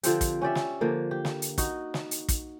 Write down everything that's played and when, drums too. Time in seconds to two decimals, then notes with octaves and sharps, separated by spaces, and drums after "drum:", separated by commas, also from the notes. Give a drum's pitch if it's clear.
0.03 D3 F3 C4 G4, drum: hi-hat
0.21 drum: kick, hi-hat
0.42 C#4 G4 D5 E5
0.55 drum: snare
0.81 D3 F3 A#3
1.11 G4
1.25 drum: snare
1.42 drum: hi-hat
1.58 D#4 F#4, drum: kick, hi-hat
1.94 drum: snare
2.11 drum: hi-hat
2.28 drum: kick, hi-hat